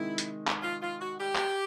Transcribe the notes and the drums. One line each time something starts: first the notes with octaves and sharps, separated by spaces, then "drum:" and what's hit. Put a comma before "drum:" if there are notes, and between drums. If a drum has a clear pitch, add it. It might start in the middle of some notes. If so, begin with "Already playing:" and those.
Already playing: C3 D#3 G#3 E4
drum: hi-hat
drum: clap
F4
F4
F#4
G4
drum: clap